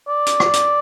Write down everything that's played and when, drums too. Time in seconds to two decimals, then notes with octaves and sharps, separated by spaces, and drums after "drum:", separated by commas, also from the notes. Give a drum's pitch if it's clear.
0.08 D5
0.26 drum: hi-hat
0.40 drum: rim click
0.54 drum: hi-hat